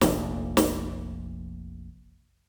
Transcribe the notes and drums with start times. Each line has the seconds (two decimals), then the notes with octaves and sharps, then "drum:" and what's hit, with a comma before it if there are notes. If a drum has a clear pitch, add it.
0.01 F1 A#1 F2, drum: snare
0.57 drum: snare